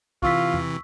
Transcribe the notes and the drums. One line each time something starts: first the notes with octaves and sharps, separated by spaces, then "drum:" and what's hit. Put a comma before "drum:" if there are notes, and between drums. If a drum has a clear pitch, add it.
C3 E3 F4 C#6 E6 B6, drum: kick
drum: tom E2